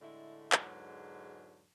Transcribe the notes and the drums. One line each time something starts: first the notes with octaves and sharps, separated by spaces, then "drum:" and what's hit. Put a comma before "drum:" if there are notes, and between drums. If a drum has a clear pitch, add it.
A2 D3 G#3 A3 E4 D5
E2 G#2 D3 F#3 G#3, drum: clap